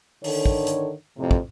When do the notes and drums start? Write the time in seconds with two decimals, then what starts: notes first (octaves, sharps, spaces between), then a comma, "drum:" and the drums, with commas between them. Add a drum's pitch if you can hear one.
0.24 D3 D#3 A4 C#5, drum: open hi-hat
0.46 drum: kick
0.67 drum: hi-hat
1.18 F2 A2 C3
1.31 drum: kick